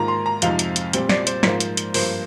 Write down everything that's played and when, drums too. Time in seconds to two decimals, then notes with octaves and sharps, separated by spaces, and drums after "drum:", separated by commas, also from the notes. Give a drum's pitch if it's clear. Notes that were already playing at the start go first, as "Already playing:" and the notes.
Already playing: G#2 D#3 A#3 F4 A#5
0.08 C6
0.26 A#5
0.42 F2 C3 F3 G#3 D#4 F5, drum: hi-hat
0.59 drum: hi-hat
0.76 drum: hi-hat
0.93 A#2 G3 C4 F4, drum: hi-hat
1.09 D5, drum: snare
1.27 C5, drum: hi-hat
1.43 G#2 F3 A#3 F4, drum: snare
1.60 drum: hi-hat
1.77 drum: hi-hat
1.94 G2 F3 A#3 C5, drum: open hi-hat